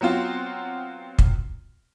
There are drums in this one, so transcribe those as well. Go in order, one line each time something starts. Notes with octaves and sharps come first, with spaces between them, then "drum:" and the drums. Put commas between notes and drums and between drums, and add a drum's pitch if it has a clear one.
F#3 B3 C4 F4 F#4
drum: kick